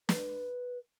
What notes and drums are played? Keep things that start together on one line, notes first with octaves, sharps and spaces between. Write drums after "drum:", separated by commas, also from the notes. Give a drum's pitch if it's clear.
B4, drum: snare